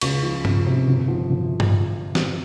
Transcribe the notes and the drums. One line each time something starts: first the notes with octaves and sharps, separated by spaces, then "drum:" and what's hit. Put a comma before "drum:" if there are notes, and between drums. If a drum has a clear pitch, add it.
C#2 C#6, drum: cymbal
F3
C#2, drum: tom G2
C3
G1
F3
G1
drum: tom G2
drum: snare